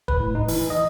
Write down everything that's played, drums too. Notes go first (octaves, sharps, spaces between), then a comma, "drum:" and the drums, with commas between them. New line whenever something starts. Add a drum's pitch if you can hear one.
B4, drum: kick
A2
D#4
E3, drum: open hi-hat
D#5